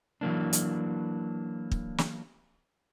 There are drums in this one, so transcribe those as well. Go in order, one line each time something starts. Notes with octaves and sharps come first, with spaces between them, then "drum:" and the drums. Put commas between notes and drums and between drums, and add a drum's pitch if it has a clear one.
E3 F#3 A#3 D4
drum: hi-hat
drum: kick
drum: snare